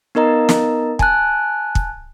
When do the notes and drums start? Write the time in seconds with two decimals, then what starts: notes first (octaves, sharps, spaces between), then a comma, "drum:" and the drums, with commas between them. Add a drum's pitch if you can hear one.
0.15 B3 D#4 A#4 D#5 A#5
0.49 drum: snare
0.99 G#5 A5 F#6, drum: kick
1.75 drum: kick